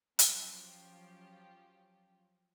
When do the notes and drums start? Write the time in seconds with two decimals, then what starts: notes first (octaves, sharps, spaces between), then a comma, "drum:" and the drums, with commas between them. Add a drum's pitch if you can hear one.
0.19 F3 F#3 C#4 F4 G4, drum: hi-hat